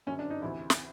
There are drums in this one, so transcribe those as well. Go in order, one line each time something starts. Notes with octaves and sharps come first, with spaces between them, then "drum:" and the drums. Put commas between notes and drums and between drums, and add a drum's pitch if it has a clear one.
F#2 D3 C#4
D4
D#4
D2 C3 E3 E4
drum: snare